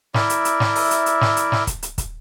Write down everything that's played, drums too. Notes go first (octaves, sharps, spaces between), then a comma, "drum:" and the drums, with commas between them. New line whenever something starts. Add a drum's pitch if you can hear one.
E4 A#4 D5 E5, drum: snare
drum: hi-hat
drum: hi-hat
drum: snare
drum: open hi-hat
drum: hi-hat
drum: hi-hat
drum: snare
drum: hi-hat
drum: snare
drum: kick, hi-hat
drum: hi-hat
drum: kick, hi-hat